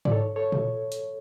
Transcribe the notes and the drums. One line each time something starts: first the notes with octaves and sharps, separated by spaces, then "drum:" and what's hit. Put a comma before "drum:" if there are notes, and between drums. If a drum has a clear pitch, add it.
D5, drum: tom G#2
A4 C#5
A4 C#5
drum: tom A#2
drum: hi-hat